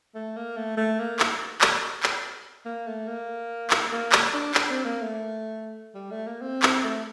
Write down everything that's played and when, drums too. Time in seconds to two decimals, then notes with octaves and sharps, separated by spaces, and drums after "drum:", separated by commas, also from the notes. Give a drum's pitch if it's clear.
0.15 A3
0.36 A#3
0.56 A3
0.77 A3
0.99 A#3
1.19 drum: clap
1.61 drum: clap
2.03 drum: clap
2.65 A#3
2.87 A3
3.08 A#3
3.70 drum: clap
3.92 A#3
4.12 drum: clap
4.34 D4
4.54 D4, drum: clap
4.70 C4
4.85 A#3
5.02 A3
5.95 G3
6.11 A3
6.27 A#3
6.42 C4
6.62 C4, drum: clap
6.83 A3